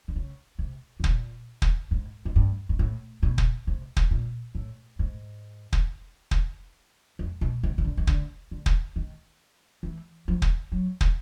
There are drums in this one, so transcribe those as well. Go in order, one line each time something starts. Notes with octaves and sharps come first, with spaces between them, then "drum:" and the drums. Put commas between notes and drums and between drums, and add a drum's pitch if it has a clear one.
D3
C#3
C3
A2
A#2, drum: kick
drum: kick
G#2
G#2
G2
G#2
A2
B2
drum: kick
C3
drum: kick
A#2
A2
G#2
drum: kick
drum: kick
F2
B2
C3
C#3
D3
D#3
D3, drum: kick
D3
drum: kick
D#3
E3
F3
drum: kick
F#3
drum: kick